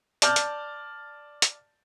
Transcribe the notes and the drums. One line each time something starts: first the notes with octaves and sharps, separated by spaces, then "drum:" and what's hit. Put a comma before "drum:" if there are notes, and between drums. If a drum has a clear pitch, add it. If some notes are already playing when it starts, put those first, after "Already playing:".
D5 A5 F6 G6, drum: hi-hat
drum: hi-hat
drum: hi-hat